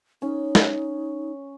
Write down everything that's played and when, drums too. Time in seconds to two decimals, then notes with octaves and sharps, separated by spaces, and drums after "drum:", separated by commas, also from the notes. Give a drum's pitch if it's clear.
0.22 C#4 D#4
0.55 drum: snare